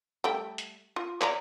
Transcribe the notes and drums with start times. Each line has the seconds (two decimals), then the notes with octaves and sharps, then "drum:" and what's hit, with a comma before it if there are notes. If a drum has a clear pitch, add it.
0.24 G3 A3 G5
0.58 drum: hi-hat
0.96 F4
1.21 C#5 D5 A#5, drum: clap